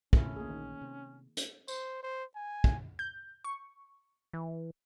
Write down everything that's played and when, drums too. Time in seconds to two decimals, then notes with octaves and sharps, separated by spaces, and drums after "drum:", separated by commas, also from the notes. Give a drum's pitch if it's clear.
0.13 A2 A3 C4 C#4 E4 F4, drum: kick
0.36 A#1 D3 A#3 G#4
0.49 D#3
0.81 C3
1.37 drum: hi-hat
1.68 C5, drum: tambourine
2.03 C5
2.36 G#5
2.64 drum: kick
2.99 G6
3.44 C#6
4.33 E3